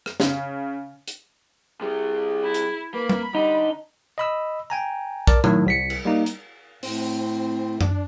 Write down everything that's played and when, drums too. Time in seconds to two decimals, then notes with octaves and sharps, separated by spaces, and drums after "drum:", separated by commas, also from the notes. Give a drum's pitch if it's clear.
0.06 drum: rim click
0.20 C#3, drum: snare
1.08 drum: hi-hat
1.81 C3 G3 G#4
2.43 E4
2.54 drum: hi-hat
2.94 A#3 B4 B5
3.09 drum: tom
3.35 D3 G3 D#4
4.18 D#5 B5 E6
4.70 G5 G#5 A#5
5.27 A#4 D5 A5, drum: kick
5.44 A2 D#3 F#3, drum: tom
5.66 C2 B6 C#7
5.90 drum: cymbal
6.05 G3 A#3 D#4
6.26 drum: hi-hat
6.83 A2 C4, drum: open hi-hat
7.81 D4, drum: tom F#2